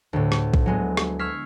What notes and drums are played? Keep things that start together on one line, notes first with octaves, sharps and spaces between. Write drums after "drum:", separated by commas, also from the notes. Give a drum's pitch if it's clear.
D2 A2
drum: rim click
drum: kick B1
F#3 G#3 B3
drum: rim click
C#6 E6 F6 G#6 B6 C7